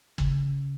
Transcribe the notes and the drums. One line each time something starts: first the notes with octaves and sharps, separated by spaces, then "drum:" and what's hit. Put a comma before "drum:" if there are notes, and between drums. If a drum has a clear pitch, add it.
C#3, drum: kick